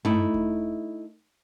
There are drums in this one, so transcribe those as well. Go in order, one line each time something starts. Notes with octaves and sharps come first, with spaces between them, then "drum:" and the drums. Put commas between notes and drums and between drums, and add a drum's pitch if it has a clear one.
A3 D#4 E4, drum: tom G2
drum: kick D#2